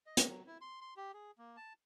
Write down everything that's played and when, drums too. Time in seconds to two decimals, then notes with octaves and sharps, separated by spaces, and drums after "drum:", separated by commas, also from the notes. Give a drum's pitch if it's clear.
0.06 D#5
0.17 drum: hi-hat
0.27 F#3
0.46 E4
0.61 C6
0.81 C6
0.97 G4
1.14 G#4
1.38 A#3
1.57 A5